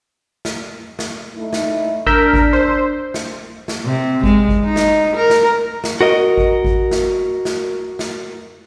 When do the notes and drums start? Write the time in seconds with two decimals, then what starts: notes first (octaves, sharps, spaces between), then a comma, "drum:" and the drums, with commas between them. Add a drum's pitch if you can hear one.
0.45 drum: snare
0.99 drum: snare
1.37 A3 D#4 E4
1.53 drum: snare
2.07 D4 A#4 E6 G6 B6, drum: kick G#1
2.33 drum: kick G#1
2.53 C5
3.14 drum: snare
3.68 drum: snare
3.85 C3
4.24 G#3, drum: kick G#1
4.49 drum: kick G#1
4.64 D#4
4.76 drum: snare
5.16 A#4
5.30 drum: snare
5.84 drum: snare
6.01 F#4 A#4 D#5
6.38 drum: kick G#1
6.65 drum: kick G#1
6.91 drum: snare
7.45 drum: snare
7.99 drum: snare